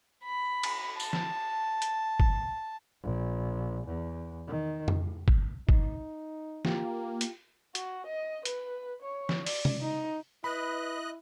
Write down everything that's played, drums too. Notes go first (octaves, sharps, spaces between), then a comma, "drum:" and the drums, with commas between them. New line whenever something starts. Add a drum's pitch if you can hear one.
B5
drum: cymbal
A5, drum: tambourine
drum: snare
drum: hi-hat
drum: kick
A#1
E2
D#3
drum: tom F2
drum: kick
D#4, drum: kick
A#3 F4 G4, drum: snare
drum: hi-hat
F#4, drum: hi-hat
D#5
B4, drum: hi-hat
C#5
drum: snare
D5, drum: open hi-hat
drum: tom
D#4
E4 B4 D#5 B5 F#6